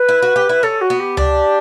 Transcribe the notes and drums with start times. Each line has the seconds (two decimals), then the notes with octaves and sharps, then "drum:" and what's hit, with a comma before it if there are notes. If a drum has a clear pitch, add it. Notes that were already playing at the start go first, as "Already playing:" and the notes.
Already playing: B4
0.09 E4
0.22 F#4
0.36 G4
0.49 E4
0.63 C#4 A4
0.81 F#4
0.90 B3
1.00 G4
1.17 D4, drum: tom C#2